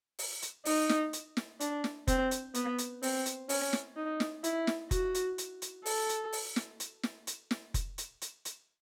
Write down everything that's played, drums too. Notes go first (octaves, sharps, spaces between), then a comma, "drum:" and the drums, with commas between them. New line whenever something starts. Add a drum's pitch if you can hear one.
drum: open hi-hat
drum: hi-hat
D#4, drum: open hi-hat
drum: snare
drum: hi-hat
drum: snare
D4, drum: hi-hat
drum: snare
C4, drum: kick F1, hi-hat
drum: hi-hat
B3, drum: hi-hat
drum: hi-hat
C4, drum: open hi-hat
drum: hi-hat
C#4, drum: open hi-hat
drum: snare
D#4
drum: snare
E4, drum: hi-hat
drum: snare
F#4, drum: kick F1, hi-hat
drum: hi-hat
drum: hi-hat
drum: hi-hat
A4, drum: open hi-hat
drum: hi-hat
drum: open hi-hat
drum: snare
drum: hi-hat
drum: snare
drum: hi-hat
drum: snare
drum: kick F1, hi-hat
drum: hi-hat
drum: hi-hat
drum: hi-hat